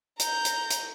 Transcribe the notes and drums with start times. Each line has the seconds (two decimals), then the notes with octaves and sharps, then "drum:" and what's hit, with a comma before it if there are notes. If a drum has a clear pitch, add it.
0.20 A#5 G6, drum: hi-hat
0.45 drum: hi-hat
0.70 drum: hi-hat